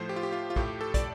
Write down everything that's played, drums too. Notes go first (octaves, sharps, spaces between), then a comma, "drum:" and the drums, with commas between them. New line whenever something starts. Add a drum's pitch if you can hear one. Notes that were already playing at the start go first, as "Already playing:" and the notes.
Already playing: A2 F3 A3 C5
G4
F4
G4
F4
F4
A2 A3 G4, drum: kick
A4
D5, drum: kick, hi-hat